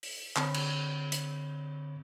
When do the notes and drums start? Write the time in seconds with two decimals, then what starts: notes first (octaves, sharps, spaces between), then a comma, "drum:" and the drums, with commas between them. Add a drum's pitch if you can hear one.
0.03 drum: open hi-hat
0.36 D3 C4 C#5 B5, drum: clap
0.54 drum: cymbal
1.12 drum: hi-hat